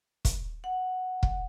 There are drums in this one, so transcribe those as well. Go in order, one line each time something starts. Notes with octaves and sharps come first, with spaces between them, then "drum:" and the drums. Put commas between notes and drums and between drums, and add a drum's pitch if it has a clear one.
drum: kick, hi-hat
F#5
drum: kick